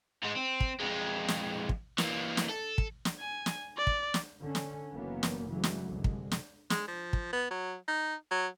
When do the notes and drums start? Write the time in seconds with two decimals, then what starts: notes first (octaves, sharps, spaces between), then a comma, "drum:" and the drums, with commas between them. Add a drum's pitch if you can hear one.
0.23 G#2 G#3
0.35 C4
0.60 drum: kick
0.80 F2 G#3
1.28 drum: snare
1.69 drum: kick
1.98 E3 A#3, drum: snare
2.37 drum: snare
2.49 A4
2.78 drum: kick
3.05 drum: snare
3.20 G#5
3.46 drum: snare
3.77 D5
3.87 drum: kick
4.14 drum: snare
4.41 D3 C#4
4.55 drum: snare
4.91 F#1 E3 F#3 A#3 B3 C#4
5.23 drum: snare
5.48 C#3 E3 F#3 G#3 A3
5.64 drum: snare
5.89 C2 F#2 D3 G#3
6.04 drum: kick
6.32 drum: snare
6.70 G#3, drum: snare
6.88 F3
7.13 drum: kick
7.33 B3
7.51 F#3
7.88 D#4
8.31 F#3